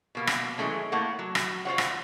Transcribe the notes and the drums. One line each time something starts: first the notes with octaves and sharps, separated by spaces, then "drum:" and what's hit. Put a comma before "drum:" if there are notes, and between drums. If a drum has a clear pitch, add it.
B2 A#3 B3
drum: rim click
E3 F#3 G#3 A3 C#4
A3 A#3 E4 C#5 F#5
F#3
drum: rim click
F4 C5 C#5 F#5
drum: rim click